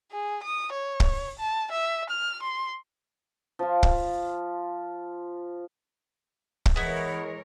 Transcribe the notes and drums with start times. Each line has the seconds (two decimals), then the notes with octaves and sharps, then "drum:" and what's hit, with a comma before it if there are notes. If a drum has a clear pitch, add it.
0.12 G#4
0.43 D#6
0.73 C#5
1.00 drum: kick
1.39 A5
1.72 E5
2.10 F6
2.43 C6
3.59 F3 F4
3.83 drum: kick
6.66 drum: kick
6.76 E3 G#3 B3 E4 A#4 C#5